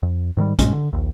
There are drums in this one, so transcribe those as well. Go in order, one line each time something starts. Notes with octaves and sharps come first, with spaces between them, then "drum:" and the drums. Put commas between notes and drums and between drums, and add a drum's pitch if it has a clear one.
F2
G#2 D#3 F3 G3
G2 A#2 G#3 C#4, drum: kick, hi-hat
D3
A#1 D#2